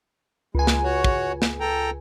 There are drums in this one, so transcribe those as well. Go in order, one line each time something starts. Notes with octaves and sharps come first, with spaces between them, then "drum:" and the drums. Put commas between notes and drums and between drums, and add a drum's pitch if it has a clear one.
C#2 G#3 G#5
drum: snare
F#4 C#5
drum: kick
drum: snare
A4 G5 A#5